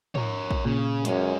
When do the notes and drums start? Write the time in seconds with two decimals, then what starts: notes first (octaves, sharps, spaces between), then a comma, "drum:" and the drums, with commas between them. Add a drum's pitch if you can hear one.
0.15 A#4 C#5, drum: tom
0.50 drum: kick
0.65 A#2 C#3
1.05 F#2 G#3 C#4, drum: hi-hat